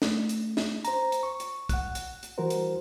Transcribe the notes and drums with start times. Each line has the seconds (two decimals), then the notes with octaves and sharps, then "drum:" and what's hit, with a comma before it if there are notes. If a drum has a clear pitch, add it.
0.02 A3, drum: snare
0.29 drum: hi-hat
0.57 drum: snare
0.85 C5 A#5, drum: hi-hat
1.12 drum: hi-hat
1.23 C#6
1.40 drum: hi-hat
1.69 F#5 F#6, drum: kick, hi-hat
1.95 drum: hi-hat
2.23 drum: hi-hat
2.38 E3 G3 F#4 A#4 C5
2.50 drum: hi-hat